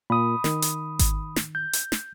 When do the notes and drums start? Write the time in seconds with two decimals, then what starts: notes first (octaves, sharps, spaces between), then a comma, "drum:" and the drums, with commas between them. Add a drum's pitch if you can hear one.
0.10 A#2 B5 D#6
0.44 D#3, drum: snare
0.62 drum: hi-hat
0.99 drum: kick G#1, hi-hat
1.36 drum: snare
1.55 G6
1.73 drum: hi-hat
1.92 drum: snare